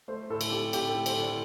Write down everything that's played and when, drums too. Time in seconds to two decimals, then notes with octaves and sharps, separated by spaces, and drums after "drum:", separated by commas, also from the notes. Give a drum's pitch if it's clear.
0.08 A3 C5
0.30 A2 A4
0.41 drum: cymbal
0.51 C4 G4
0.73 A2 G4, drum: cymbal
0.89 A4
0.94 A3
1.06 C5, drum: cymbal
1.16 A2 D5